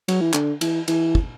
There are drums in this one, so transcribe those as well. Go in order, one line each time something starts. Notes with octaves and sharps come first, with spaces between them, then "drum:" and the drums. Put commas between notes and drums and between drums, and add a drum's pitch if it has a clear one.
F#3, drum: cymbal
E3
D3, drum: clap
E3, drum: cymbal
E3, drum: cymbal
drum: kick